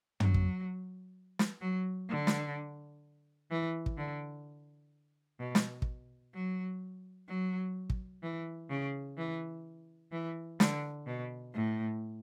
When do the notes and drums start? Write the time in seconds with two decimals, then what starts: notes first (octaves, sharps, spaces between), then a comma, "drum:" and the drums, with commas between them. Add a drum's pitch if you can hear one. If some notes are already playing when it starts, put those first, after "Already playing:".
0.20 F#3, drum: tom
0.34 drum: kick
1.39 drum: snare
1.61 F#3
2.09 D3
2.27 drum: snare
3.51 E3
3.86 drum: kick
3.97 D3
5.40 B2
5.55 drum: snare
5.82 drum: kick
6.34 F#3
7.28 F#3
7.90 drum: kick
8.23 E3
8.70 C#3
9.18 E3
10.12 E3
10.60 D3, drum: snare
11.07 B2
11.54 A2